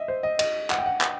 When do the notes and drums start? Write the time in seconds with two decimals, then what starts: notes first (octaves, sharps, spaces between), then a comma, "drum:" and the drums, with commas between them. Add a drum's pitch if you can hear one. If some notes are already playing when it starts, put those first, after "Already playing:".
Already playing: D#5 E5
0.08 C5
0.23 D#5
0.39 D#5, drum: cymbal
0.70 F#5, drum: clap
0.79 G5
0.86 F#5
1.01 drum: clap